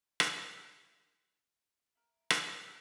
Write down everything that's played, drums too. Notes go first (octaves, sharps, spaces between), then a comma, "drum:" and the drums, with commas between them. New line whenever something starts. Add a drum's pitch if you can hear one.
drum: rim click
E4 A#4
drum: rim click